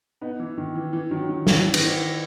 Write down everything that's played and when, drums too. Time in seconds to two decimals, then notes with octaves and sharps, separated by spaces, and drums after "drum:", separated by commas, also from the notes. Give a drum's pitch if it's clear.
0.21 B3 D#4
0.40 E3
0.58 D#3
0.75 E3
0.93 E3
1.11 D#3 F#3
1.29 D#3
1.47 E3, drum: snare
1.65 E3
1.74 D#3, drum: cymbal
1.83 E3